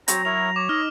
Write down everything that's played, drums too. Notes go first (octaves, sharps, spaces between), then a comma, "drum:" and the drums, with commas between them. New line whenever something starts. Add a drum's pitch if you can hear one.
F#3 C4 C5 C#5 A#5, drum: hi-hat
E4 A#4 C#5 F7
C#5 D6
D#4 D#5 F6